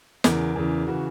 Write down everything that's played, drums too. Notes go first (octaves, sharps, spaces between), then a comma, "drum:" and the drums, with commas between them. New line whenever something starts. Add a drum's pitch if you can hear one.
E2 C#3 E3 A#4, drum: snare
E2 C#3 E3
C#3 E3 F#4